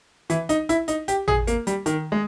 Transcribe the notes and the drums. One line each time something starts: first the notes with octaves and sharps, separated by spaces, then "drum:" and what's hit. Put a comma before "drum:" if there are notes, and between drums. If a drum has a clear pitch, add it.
E3, drum: hi-hat
D#4, drum: hi-hat
E4, drum: hi-hat
D#4, drum: hi-hat
G4, drum: hi-hat
G#4, drum: tom
A#3, drum: hi-hat
G3, drum: hi-hat
D#3, drum: hi-hat
G#3